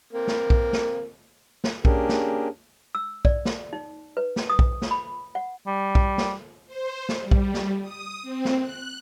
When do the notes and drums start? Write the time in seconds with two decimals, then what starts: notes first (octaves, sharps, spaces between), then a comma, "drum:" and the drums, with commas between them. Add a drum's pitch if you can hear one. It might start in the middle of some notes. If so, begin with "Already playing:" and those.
0.13 A#3 C4
0.27 drum: snare
0.50 drum: kick B1
0.73 drum: snare
1.64 drum: snare
1.85 A#3 C#4 D4 G4 G#4 A#4, drum: kick B1
2.09 drum: snare
2.95 E6
3.25 D5, drum: kick B1
3.45 drum: snare
3.73 D#4
4.17 B4
4.36 drum: snare
4.50 D#6
4.59 drum: kick B1
4.82 drum: snare
4.91 B5
5.35 F#5
5.67 G3
5.95 drum: kick B1
6.18 drum: snare
6.67 C5
7.09 drum: snare
7.20 G3
7.31 drum: kick B1
7.54 drum: snare
7.81 D#6
8.22 C4
8.45 drum: snare
8.60 F#6